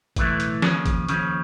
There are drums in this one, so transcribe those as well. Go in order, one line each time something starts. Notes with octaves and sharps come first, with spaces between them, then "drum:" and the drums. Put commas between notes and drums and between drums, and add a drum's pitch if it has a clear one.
B1 A2 E3 A3, drum: kick, hi-hat
drum: hi-hat
D#2 C#3 F3, drum: snare
drum: kick, hi-hat
D#2 C#3 F3, drum: hi-hat